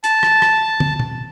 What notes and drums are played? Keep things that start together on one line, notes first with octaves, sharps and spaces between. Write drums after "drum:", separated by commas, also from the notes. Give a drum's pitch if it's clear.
A5, drum: hi-hat
drum: rim click
drum: rim click
drum: tom
drum: tom